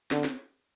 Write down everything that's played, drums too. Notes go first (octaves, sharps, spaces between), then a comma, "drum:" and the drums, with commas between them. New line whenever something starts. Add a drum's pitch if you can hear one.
D3, drum: snare
drum: snare